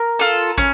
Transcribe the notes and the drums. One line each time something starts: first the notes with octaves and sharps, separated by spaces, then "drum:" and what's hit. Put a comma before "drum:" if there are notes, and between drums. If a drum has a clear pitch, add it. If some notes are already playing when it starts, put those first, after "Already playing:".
Already playing: A#4
F4 A4
C#4, drum: kick